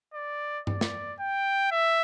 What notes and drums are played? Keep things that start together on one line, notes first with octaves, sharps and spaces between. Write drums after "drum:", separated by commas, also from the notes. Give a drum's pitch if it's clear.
D5
D5, drum: tom G2
drum: snare
G5
E5